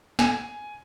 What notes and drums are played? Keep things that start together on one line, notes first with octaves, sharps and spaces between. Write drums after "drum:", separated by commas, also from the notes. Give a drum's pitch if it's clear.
G#5, drum: snare